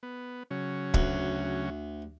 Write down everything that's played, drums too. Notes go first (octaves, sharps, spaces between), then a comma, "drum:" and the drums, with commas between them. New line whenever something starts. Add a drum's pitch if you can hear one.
B3
C#3 F#3 C#4
D2, drum: kick